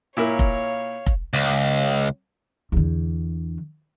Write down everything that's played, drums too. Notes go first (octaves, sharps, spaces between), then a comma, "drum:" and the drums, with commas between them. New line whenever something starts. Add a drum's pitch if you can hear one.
A#2 E4 A#4 C#5 F5
drum: kick F1
drum: kick F1
C#2
E2 D3